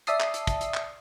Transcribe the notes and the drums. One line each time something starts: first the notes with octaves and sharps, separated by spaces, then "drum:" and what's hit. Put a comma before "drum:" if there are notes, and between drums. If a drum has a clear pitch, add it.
D5 E5 A5 D#6 C7, drum: hi-hat
drum: clap
drum: hi-hat
drum: kick, hi-hat
drum: hi-hat
drum: clap